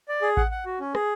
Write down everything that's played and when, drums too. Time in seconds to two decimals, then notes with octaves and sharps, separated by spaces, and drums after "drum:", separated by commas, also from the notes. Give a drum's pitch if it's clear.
0.09 D5
0.22 G#4
0.37 F#5, drum: kick A1
0.51 F#5
0.66 F#4
0.80 C#4
0.95 G#4, drum: rim click